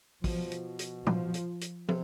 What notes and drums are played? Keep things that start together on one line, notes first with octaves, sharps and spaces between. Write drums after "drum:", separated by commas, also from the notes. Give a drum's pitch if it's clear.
B2 F3, drum: kick, open hi-hat
drum: hi-hat
drum: hi-hat
F3, drum: tom
drum: hi-hat
drum: hi-hat
C3, drum: tom